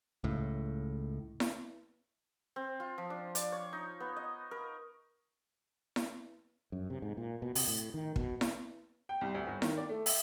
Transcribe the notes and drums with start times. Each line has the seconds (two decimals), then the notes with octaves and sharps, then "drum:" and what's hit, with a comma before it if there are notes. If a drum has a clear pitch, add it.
0.24 C#2 A2
1.40 drum: snare E4
2.56 C4
2.80 F4
2.98 F3
3.10 D4
3.35 D5, drum: hi-hat
3.52 C#5
3.73 D#4
4.00 B3
4.17 D#5
4.51 A#4
5.96 drum: snare E4
6.72 F#2
6.90 C3
7.02 G#2
7.17 A#2
7.42 B2
7.55 C3, drum: open hi-hat
7.68 A2
7.94 D#3
8.16 B2, drum: kick
8.41 drum: snare E4
9.09 G5
9.21 C2
9.35 D2
9.47 G1
9.62 D#3, drum: snare E4
9.77 D5
9.89 A3
10.06 E5, drum: open hi-hat